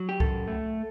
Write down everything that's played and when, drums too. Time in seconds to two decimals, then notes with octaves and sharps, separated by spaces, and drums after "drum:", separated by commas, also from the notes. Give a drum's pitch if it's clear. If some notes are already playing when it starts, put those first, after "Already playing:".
Already playing: F#3
0.09 G4
0.20 F#2 A4, drum: kick C2
0.48 A3